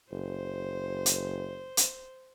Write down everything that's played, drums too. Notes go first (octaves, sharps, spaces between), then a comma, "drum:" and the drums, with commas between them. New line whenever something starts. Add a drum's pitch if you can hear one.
F#1 C5
drum: hi-hat
drum: hi-hat